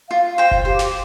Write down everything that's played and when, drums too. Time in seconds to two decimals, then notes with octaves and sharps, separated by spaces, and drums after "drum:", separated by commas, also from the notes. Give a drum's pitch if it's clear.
0.10 F4 F5
0.38 C5 G5
0.51 drum: kick F#1
0.65 G4 C5
0.79 drum: snare